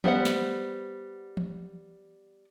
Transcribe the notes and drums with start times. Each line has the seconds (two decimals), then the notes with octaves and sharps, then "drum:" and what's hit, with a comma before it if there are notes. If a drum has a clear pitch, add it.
0.04 G3 B3 C5 F#5, drum: tom E3
0.25 drum: snare
1.37 drum: tom E3